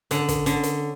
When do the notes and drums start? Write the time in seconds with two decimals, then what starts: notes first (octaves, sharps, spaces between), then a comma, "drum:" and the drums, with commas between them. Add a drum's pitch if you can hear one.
0.11 D3 C#4, drum: hi-hat
0.28 drum: kick, hi-hat
0.46 D3 C#4, drum: hi-hat
0.63 drum: hi-hat